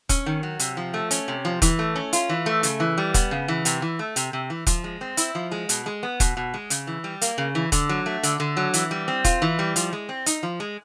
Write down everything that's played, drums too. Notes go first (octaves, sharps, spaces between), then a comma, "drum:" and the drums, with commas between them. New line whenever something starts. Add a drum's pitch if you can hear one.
C#4, drum: kick E1, hi-hat
D#3
F#3
C3, drum: hi-hat
F3
A3
C#4, drum: hi-hat
C3
F3
E3, drum: kick E1, hi-hat
A3
C#4
F4, drum: hi-hat
E3
A3
C#3, drum: hi-hat
E3
G3
B3, drum: kick E1, hi-hat
C#3
E3
C3, drum: hi-hat
E3
A3
C3, drum: hi-hat
C3
E3
F3, drum: kick E1, hi-hat
G#3
C4
E4, drum: hi-hat
F3
G#3
B2, drum: hi-hat
G#3
B3
B2, drum: kick E1, hi-hat
B2
G#3
C#3, drum: hi-hat
E3
G3
A#3, drum: hi-hat
C#3
E3
D3, drum: kick E1, hi-hat
F#3
A3
D3, drum: hi-hat
D3
F#3
E3, drum: hi-hat
G3
C4
F4, drum: kick E1, hi-hat
E3
G3
F3, drum: hi-hat
G#3
C4
D#4, drum: hi-hat
F3
G#3